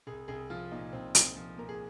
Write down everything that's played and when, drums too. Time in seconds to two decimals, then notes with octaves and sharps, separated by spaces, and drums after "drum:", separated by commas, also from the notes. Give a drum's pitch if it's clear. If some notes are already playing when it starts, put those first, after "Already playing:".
0.07 C2 G#4
0.28 C2 G#4
0.50 F3 F4
0.72 A#2 D#4
0.93 C2 C4
1.15 C2, drum: hi-hat
1.37 F3
1.57 A#2 A#4
1.69 G#4